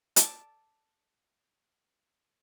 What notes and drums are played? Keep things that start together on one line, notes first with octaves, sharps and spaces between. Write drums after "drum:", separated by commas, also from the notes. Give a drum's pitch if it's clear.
A5 D6, drum: hi-hat